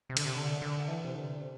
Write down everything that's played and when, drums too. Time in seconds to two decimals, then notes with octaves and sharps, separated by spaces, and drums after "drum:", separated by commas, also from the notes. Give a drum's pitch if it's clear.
0.09 C3
0.17 D3, drum: cymbal
0.25 C3
0.36 D3
0.62 D3
0.88 E3
1.04 C3
1.15 D3
1.41 C3